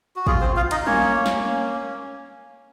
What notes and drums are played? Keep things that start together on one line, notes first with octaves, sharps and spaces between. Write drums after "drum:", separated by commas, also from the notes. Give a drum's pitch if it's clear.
F#4
F4 G#4, drum: kick
C4 C5
F4 F5
D#4 D#5, drum: cymbal
A#3 C#4 C#5, drum: tom F#3
A#3
drum: snare
C#4